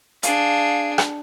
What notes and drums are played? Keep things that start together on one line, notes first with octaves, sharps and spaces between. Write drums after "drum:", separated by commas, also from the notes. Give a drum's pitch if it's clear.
D4 G#4 F5, drum: hi-hat
drum: rim click